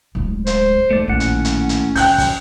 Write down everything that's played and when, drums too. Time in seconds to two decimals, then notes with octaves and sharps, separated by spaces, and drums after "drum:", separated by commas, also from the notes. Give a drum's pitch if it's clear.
0.15 D1 G#3
0.47 C5, drum: hi-hat
0.91 D#2 A3 D5
1.07 A#1 A2 D#3 C#4 F#5
1.20 drum: hi-hat
1.45 drum: hi-hat
1.69 drum: hi-hat
1.96 D#3 G5 F#6 G6, drum: open hi-hat
2.18 drum: kick, open hi-hat